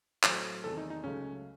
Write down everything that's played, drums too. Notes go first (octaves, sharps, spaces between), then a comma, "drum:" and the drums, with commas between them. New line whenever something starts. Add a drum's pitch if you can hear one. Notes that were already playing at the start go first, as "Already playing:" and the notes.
A2 F#3 C4 C#5, drum: clap
E2 C3 D#3 A3 A4
D#4
D#4
C#2 C#3 F#3 A3 C#4